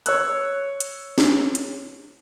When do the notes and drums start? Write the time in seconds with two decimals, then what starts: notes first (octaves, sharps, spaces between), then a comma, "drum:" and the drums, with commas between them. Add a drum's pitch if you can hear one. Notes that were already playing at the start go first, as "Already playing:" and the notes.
0.06 C#5 E6 F#6, drum: hi-hat
0.80 drum: hi-hat
1.18 drum: snare
1.55 drum: hi-hat